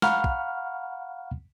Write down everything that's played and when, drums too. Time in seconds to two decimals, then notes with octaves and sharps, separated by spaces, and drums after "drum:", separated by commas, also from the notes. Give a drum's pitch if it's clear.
0.02 F5 F#5 A#5 B5 C#6 F6, drum: snare
0.24 drum: kick